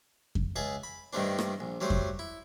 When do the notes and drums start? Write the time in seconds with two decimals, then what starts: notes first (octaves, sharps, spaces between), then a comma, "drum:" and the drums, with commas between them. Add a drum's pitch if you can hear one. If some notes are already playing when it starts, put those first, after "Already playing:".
0.35 drum: kick F2
0.56 C#2 G#4 E5 A5
0.83 B5
1.13 G2 D#3 G3 A3 C4 D4
1.39 drum: rim click
1.60 A#1
1.81 F#3 G3 A3 C5
1.90 drum: kick F2
2.19 E4